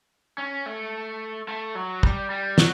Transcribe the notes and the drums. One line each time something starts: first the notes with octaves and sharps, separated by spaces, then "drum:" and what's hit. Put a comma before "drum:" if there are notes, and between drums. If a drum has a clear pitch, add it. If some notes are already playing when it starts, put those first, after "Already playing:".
C#4
A3
A3
F#3
G3, drum: kick
G3
F#3, drum: snare